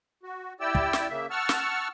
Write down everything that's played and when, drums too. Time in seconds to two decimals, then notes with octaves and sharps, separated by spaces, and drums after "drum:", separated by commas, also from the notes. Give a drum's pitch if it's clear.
0.23 F#4
0.60 E4 G4 D5 G5 E6
0.75 drum: kick
0.93 drum: snare
1.09 C#3 A#3 E5
1.30 F#5 A5 C#6 E6 F6
1.49 drum: snare